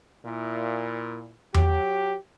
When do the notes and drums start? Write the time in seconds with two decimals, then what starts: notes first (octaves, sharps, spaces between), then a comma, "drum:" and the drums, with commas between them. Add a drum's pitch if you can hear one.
0.25 A#2 E4
1.54 F#3 G4, drum: tom E2